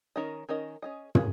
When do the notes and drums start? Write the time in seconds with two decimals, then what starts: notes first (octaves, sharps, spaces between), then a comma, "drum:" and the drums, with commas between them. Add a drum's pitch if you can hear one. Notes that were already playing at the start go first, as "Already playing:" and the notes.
0.16 D#3 C#4 A#4 D#5
0.49 D#3 C#4 A#4 D#5
0.82 C#4 G#4 D#5
1.15 C#4 G#4, drum: tom